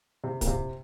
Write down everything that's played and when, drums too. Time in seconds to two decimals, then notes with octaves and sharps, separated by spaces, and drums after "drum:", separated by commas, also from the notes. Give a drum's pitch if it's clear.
0.24 C3
0.41 A#2, drum: kick, hi-hat
0.47 C3